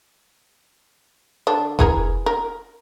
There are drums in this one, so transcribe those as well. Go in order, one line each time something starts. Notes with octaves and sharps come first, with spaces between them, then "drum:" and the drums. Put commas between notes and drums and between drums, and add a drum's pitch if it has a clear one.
D3 D4
E3 G#4 A#4, drum: kick F1
A#4